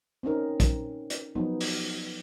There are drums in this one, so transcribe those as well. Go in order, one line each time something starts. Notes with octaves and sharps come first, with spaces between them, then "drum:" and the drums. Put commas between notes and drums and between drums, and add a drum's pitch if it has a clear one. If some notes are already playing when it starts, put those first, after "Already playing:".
C4 C#4 D#4 A#4
drum: kick, hi-hat
drum: hi-hat
F3 F#3 B3 D#4
drum: open hi-hat